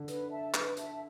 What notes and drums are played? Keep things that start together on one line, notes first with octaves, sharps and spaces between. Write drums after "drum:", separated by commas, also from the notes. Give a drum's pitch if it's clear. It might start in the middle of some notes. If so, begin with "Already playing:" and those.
Already playing: D3
B4, drum: hi-hat
E5 A5
B4, drum: clap
E5 A5, drum: hi-hat